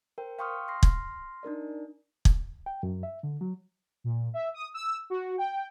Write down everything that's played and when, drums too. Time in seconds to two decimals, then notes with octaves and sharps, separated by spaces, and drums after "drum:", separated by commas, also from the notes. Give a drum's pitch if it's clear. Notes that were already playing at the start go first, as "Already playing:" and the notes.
0.18 A#4 C5 G5
0.39 F5 G5 C6 C#6 D#6 F6
0.68 C6 F6 A#6 C7
0.83 drum: kick
1.43 D4 D#4 A#4 D5
2.25 drum: kick
2.66 G5
2.83 F#2
3.03 E5
3.23 D3
3.41 F#3
4.04 A#2
4.34 E5
4.54 D#6
4.74 E6
5.10 F#4
5.38 G5